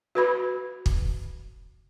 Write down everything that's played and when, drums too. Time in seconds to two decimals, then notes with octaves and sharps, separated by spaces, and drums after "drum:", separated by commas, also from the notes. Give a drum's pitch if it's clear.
0.15 F#4 B4 B5
0.86 drum: kick